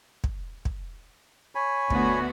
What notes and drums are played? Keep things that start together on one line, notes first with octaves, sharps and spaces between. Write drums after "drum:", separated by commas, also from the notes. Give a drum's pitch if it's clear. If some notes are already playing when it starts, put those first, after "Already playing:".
drum: kick
drum: kick
C#5 G#5 B5
D2 B3 F#4, drum: kick